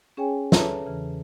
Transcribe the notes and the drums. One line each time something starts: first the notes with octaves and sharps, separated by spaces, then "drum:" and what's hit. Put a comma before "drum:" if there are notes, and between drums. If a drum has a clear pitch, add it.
C#4 G#4 C#5 G5 G#5
A4 B4 C#5 E5 A5 A#5, drum: snare
E2 C#3 E3